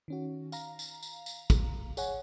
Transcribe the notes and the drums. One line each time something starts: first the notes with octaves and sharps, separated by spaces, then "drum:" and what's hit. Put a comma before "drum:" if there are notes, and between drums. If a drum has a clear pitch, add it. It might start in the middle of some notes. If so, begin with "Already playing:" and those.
D#3 C#4 F#4
F5 A#5, drum: tambourine
drum: tambourine
drum: tambourine
drum: tambourine
drum: kick, tambourine
G#4 C#5 F#5 G#5, drum: tambourine